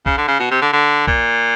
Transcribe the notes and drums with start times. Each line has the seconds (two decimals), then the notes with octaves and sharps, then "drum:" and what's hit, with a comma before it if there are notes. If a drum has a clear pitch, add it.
0.06 C#3, drum: kick
0.18 D3
0.28 C#3
0.40 B2
0.51 C3
0.62 D3
0.73 D3
1.07 A#2, drum: kick